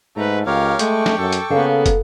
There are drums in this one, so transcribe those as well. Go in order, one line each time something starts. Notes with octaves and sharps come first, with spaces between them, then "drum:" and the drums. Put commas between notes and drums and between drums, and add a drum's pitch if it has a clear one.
G#2 A3 B4 A#5
C#2 G4 A#4 C#5 F5
G#3 A3 G5 C#6 D6, drum: hi-hat
drum: snare
F#2 A4
drum: hi-hat
C#3 A#3 B3 A4 F5
drum: kick, hi-hat